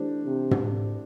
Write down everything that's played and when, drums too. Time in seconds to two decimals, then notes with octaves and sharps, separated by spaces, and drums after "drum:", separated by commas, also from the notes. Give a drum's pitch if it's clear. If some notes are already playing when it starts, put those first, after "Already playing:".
Already playing: E3 A3 D4 G4 C5
0.26 C3
0.51 drum: tom